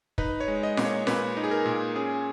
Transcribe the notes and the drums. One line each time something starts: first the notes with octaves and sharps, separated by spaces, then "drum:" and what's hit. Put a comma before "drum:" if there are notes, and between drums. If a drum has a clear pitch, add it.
D#4 B4, drum: kick
C#5
G#3
D#5
A#2, drum: snare F4
C#5
A#2 B4, drum: snare F4
D#4
G#4
A#4
A#2
C#4 G#4